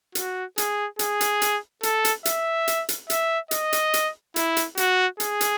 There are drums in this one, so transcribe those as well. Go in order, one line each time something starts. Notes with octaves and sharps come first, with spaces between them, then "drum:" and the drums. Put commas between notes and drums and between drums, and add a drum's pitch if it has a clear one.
F#4, drum: hi-hat
G#4, drum: hi-hat
G#4, drum: hi-hat
drum: hi-hat
drum: hi-hat
A4, drum: hi-hat
drum: hi-hat
E5, drum: hi-hat
drum: hi-hat
drum: hi-hat
E5, drum: hi-hat
D#5, drum: hi-hat
drum: hi-hat
drum: hi-hat
E4, drum: hi-hat
drum: hi-hat
F#4, drum: hi-hat
G#4, drum: hi-hat
drum: hi-hat